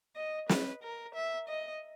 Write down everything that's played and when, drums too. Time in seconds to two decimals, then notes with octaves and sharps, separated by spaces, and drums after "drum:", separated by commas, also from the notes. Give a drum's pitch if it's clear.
0.16 D#5
0.49 B4, drum: snare
0.83 A#4
1.15 E5
1.49 D#5